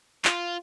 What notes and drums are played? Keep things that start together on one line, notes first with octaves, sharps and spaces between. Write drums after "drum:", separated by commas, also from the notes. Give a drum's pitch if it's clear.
F4, drum: clap